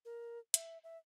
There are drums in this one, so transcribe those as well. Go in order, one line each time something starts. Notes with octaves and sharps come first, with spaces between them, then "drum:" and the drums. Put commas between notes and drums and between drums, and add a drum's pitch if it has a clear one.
A#4
E5, drum: hi-hat
E5